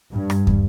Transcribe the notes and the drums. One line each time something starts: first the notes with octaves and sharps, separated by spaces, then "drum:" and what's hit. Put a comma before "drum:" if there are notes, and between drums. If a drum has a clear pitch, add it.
G2
drum: rim click
drum: kick